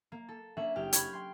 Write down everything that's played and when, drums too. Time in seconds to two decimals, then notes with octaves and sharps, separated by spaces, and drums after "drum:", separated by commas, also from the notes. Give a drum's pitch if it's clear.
0.12 A#3
0.29 A4
0.57 A#3 C#4 D4 E5 F#5
0.76 F#1 G4 G5 F6
0.93 B5 C#6 F6 G6 G#6, drum: hi-hat
1.13 G5 C6